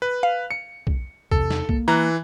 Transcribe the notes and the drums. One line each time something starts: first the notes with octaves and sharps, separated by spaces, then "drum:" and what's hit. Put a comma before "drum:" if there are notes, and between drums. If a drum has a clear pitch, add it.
B4
F5
C#7
drum: kick
E2 C3 A4, drum: kick
drum: snare
A#3, drum: kick
E3 A#5 F#6